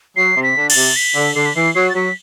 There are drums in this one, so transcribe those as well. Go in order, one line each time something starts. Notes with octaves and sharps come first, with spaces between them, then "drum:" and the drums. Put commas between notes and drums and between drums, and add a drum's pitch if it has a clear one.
F#3 C7
C3
B6
D3
A6, drum: cymbal
C3
B6
D3
D3 C7
B6
E3 C7
F#3 C7
A6
F#3 B6